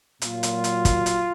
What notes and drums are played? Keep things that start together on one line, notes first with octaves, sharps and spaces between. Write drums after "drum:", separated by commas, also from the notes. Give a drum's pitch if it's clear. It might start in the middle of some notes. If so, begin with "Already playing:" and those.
A#2 F#3 F4, drum: hi-hat
drum: hi-hat
drum: hi-hat
drum: kick, hi-hat
drum: hi-hat